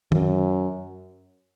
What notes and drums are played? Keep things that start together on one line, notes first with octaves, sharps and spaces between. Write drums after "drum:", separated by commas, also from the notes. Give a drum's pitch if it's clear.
F#2, drum: tom D#3